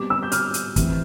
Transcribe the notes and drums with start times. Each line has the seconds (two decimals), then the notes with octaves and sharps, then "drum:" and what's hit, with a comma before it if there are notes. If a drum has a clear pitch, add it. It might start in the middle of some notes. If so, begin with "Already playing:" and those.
Already playing: B2 G3 C4 D6
0.10 E6
0.23 G6
0.32 F6, drum: hi-hat
0.54 drum: hi-hat
0.76 C3 E3 A3 C4, drum: kick, hi-hat